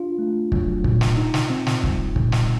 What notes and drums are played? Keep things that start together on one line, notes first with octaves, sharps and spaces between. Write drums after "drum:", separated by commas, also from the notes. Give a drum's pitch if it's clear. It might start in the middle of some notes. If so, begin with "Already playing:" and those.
Already playing: D4 F4
A3
F#3, drum: kick
A#2, drum: kick
drum: snare
D#4
drum: snare
C4
drum: snare
G3, drum: kick
A#2, drum: kick
drum: snare